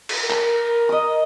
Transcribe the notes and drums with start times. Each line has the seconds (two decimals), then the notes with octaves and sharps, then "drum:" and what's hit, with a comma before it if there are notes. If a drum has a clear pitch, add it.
0.09 drum: cymbal
0.21 A#4
0.30 drum: clap
0.89 D#5 D#6